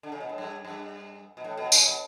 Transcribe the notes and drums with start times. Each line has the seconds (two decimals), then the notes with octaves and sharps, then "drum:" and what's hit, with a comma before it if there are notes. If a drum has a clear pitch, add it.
0.03 D3
0.12 C#3
0.20 B2
0.29 A2
0.38 G2
0.65 G2
1.37 B2
1.44 A2
1.57 B2
1.72 C#3, drum: tambourine
1.85 B2